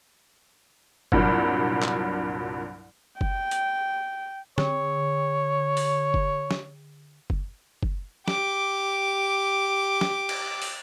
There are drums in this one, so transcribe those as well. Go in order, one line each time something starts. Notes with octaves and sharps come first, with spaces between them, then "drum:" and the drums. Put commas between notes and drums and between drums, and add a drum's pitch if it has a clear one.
C2 G2 A#2 F#3, drum: kick F#1
drum: clap
G5, drum: kick F#1
drum: hi-hat
D3 C#5, drum: snare
drum: open hi-hat
drum: kick F#1
drum: snare
drum: kick F#1
drum: kick F#1
G4 D6, drum: snare
drum: snare
drum: cymbal
drum: open hi-hat